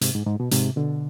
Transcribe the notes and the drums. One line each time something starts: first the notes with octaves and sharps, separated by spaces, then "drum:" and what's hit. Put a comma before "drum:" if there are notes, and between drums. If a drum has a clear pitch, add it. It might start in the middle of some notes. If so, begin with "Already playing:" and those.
G#2 C3, drum: hi-hat
G#2
G#2
B2
G#2 C3, drum: hi-hat
B2 D3